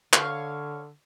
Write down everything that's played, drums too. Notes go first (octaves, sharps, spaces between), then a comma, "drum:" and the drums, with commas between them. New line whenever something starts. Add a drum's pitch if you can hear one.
D3 C#5 F5, drum: clap